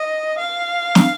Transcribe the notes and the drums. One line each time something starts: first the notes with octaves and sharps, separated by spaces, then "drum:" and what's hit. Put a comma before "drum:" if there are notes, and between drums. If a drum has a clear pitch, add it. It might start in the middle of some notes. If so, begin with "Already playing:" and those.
Already playing: D#5
F5
drum: snare